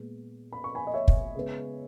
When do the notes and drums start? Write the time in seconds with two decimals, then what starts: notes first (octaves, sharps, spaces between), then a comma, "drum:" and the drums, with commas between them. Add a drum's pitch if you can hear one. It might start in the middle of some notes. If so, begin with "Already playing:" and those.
Already playing: A#2 G#3 B3
0.53 B5
0.64 C#6
0.75 G#5 B5
0.87 D#5
0.94 C#5 E5
1.08 drum: kick
1.35 C#3 G#3 B3